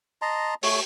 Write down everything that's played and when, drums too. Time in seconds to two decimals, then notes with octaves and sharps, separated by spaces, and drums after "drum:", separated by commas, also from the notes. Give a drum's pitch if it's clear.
0.22 D#5 A5 A#5 C6
0.63 A3 C#5, drum: open hi-hat